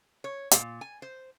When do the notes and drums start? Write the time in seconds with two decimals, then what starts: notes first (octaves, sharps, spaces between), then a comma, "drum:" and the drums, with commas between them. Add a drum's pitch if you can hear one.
0.24 C#5
0.51 A#2, drum: hi-hat
0.81 G#5
1.02 C5